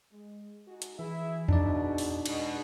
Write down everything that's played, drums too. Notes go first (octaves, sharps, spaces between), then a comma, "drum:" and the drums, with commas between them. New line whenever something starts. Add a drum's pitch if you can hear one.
G#3
D#4 F#4 G#4
drum: hi-hat
E3 E4 G#4 E5
B2 D4 D#4 D5, drum: tom E2
drum: open hi-hat
B2 G#3, drum: cymbal